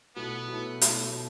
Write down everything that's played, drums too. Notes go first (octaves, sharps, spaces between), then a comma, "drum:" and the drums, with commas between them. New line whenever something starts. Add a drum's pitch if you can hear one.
B2 F#3 A3 B3 E4
B2 F#3 A3 E4
B2 F#3 A3 E4, drum: hi-hat
B2